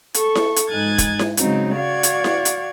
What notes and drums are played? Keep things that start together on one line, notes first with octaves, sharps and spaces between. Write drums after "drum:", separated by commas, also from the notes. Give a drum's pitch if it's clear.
A4 C#6, drum: hi-hat
drum: snare E4
drum: hi-hat
G#2 D#4 G#5 F#6 G#6 A6
drum: kick, hi-hat
drum: snare E4
C#3 F#3 G#3 C4 D#4, drum: hi-hat
F#4 D5 F5 C#6 G#6
drum: hi-hat
drum: snare E4
drum: hi-hat